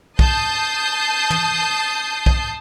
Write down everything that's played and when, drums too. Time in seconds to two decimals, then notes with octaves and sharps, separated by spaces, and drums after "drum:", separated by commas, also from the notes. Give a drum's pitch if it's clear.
0.19 A5 D#6 G6 C7, drum: kick B1
1.30 drum: tom
2.26 drum: kick B1